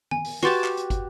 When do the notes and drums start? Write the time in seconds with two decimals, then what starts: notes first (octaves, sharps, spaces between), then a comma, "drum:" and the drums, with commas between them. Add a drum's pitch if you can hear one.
0.11 G#5, drum: tom D#3
0.25 drum: open hi-hat
0.43 F#4 G4 B4 A5 C6 A6
0.64 drum: clap
0.77 drum: hi-hat
0.90 drum: kick, hi-hat